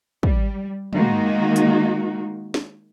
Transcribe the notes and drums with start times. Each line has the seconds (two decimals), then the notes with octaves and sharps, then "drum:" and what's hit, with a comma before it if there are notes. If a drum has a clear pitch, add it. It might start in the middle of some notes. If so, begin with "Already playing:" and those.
0.23 G3, drum: kick
0.93 D#3 G#3 A#3 D#4 F#4, drum: tom
1.56 drum: hi-hat
2.54 drum: snare